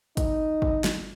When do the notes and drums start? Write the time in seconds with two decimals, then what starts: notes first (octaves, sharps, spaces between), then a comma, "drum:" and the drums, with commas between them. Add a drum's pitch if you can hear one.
0.17 D#4, drum: kick, hi-hat
0.62 drum: kick
0.84 drum: snare